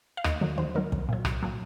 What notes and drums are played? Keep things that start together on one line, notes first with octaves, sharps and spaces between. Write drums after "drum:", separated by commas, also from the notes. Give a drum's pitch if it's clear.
F5
D#2 D#5, drum: rim click
D#3 F#3
D#2 C5
D#3 F#3 A#4
C2, drum: kick
A#2 F#3
C2, drum: rim click
A#2 F#3